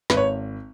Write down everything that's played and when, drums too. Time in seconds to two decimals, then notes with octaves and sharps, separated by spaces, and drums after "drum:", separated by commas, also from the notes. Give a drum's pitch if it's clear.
0.10 G#1 B4, drum: snare
0.17 C#5